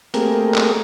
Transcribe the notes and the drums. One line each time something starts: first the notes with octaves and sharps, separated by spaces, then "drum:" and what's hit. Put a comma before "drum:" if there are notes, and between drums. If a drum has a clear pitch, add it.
A3 A#3 C4 G4 G#4 A#4, drum: hi-hat
drum: clap